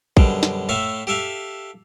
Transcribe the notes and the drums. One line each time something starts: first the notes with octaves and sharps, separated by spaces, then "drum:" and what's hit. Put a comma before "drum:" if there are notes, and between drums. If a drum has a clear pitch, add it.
F#2 B2 D3 G3, drum: kick
drum: snare
A2 A3 A4 E5 F5
G4 A4 E5 F5